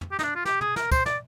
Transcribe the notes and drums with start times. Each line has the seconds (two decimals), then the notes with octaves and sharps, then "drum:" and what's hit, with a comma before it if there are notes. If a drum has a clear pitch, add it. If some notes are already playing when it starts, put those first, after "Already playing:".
0.01 drum: tom
0.12 G4
0.19 D#4, drum: snare
0.23 D4
0.35 F4
0.45 G4, drum: snare
0.61 G#4, drum: tom
0.76 A#4, drum: snare
0.92 C5, drum: kick, tambourine
1.06 D5, drum: snare